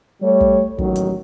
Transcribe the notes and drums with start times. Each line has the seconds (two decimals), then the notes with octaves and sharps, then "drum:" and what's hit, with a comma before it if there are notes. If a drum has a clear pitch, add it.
0.22 G3 A3 C#5
0.41 drum: kick
0.78 A1 D#2 D#3 F#3, drum: kick
0.96 drum: hi-hat